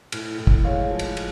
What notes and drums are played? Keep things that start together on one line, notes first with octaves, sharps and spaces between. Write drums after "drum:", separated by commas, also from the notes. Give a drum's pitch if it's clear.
A2, drum: cymbal
A2
drum: kick
G#3 C#5 F5
F3
drum: cymbal
drum: cymbal